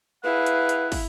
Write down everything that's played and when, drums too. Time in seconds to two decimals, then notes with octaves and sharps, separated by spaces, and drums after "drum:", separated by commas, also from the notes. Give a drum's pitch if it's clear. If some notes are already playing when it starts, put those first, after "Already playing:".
0.24 E4 G#4 B4 F5 F#5
0.46 drum: hi-hat
0.69 drum: hi-hat
0.92 drum: kick, open hi-hat